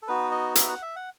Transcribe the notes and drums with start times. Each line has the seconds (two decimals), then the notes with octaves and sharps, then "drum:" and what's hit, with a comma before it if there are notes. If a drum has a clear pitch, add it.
0.02 A4
0.08 B3 D#4 F#4 B4
0.31 D#5
0.55 E5, drum: hi-hat
0.68 F#5
0.82 E5
0.96 F#5